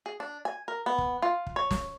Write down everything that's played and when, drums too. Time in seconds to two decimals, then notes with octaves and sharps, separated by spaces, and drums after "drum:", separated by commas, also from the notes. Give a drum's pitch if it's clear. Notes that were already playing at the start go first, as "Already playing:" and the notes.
0.06 G#4
0.20 D4
0.45 G#5
0.68 A#4
0.86 B3
0.98 drum: kick
1.22 F4
1.47 drum: kick
1.56 C#5
1.71 drum: snare